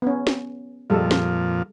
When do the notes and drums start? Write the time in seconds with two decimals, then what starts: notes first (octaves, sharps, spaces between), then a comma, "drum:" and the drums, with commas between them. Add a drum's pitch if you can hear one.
0.02 B3 C#4
0.27 drum: snare
0.90 F2 A#2 F3 G3 G#3 A4
1.11 drum: snare